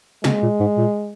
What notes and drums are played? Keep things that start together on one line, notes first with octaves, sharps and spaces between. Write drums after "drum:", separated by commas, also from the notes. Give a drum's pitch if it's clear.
C#3 G#3, drum: snare
A#2
G#2
A#2